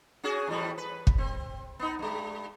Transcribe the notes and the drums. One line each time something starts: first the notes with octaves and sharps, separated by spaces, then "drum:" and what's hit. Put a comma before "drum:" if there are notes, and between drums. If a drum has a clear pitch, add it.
C#4 F#4 G#4
E2 A2 G3
B4
drum: kick
C4
B3 D#4
G2 G#3